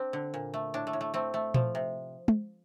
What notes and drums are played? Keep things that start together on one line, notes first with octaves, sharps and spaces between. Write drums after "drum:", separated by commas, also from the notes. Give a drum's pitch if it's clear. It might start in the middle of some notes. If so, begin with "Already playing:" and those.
Already playing: C4 D4 C5
D3
A#2
A3
A2 D4
A3
A2
A3
A3 C4
A3
F3, drum: tom A#2
C3
drum: tom